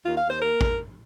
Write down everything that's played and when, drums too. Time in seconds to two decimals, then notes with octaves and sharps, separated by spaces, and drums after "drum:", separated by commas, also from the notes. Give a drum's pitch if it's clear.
0.05 D#2 F4
0.18 F5
0.24 D#2
0.30 C5
0.42 A#3 A#4
0.61 drum: kick